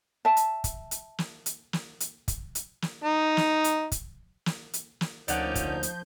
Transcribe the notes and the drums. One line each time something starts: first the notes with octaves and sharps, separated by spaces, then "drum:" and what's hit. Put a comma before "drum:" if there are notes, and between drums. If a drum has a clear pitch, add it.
E5 A5
drum: hi-hat
drum: kick, hi-hat
drum: hi-hat
drum: snare
drum: hi-hat
drum: snare
drum: hi-hat
drum: kick, hi-hat
drum: hi-hat
drum: snare
D#4
drum: snare
drum: hi-hat
drum: kick, hi-hat
drum: snare
drum: hi-hat
drum: snare
D2 F3 A#3 C#4 D#4 D5 F#5 G6, drum: hi-hat
drum: kick, hi-hat
drum: hi-hat